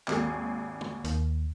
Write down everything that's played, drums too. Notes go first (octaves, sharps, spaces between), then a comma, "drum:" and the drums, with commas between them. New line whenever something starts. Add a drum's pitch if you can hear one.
G#1 D#2 G#4, drum: clap
drum: tom
D#2, drum: hi-hat